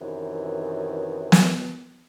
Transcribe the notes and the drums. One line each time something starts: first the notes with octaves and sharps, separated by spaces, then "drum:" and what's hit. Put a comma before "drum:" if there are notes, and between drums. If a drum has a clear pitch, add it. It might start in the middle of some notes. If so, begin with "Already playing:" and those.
F#2 C3 D#3 E3
drum: snare